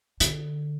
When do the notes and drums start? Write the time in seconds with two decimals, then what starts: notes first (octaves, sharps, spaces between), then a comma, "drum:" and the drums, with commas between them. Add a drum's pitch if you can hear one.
0.20 D3, drum: hi-hat